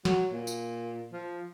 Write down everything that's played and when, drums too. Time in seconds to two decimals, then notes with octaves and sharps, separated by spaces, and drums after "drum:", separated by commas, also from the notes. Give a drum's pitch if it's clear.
0.05 F#3, drum: snare
0.33 A#2
0.47 drum: tambourine
1.13 F3